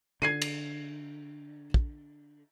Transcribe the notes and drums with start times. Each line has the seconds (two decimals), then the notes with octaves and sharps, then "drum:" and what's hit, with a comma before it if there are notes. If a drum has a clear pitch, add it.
0.22 D3 G#6 C7 D#7
0.42 drum: cymbal
1.74 drum: kick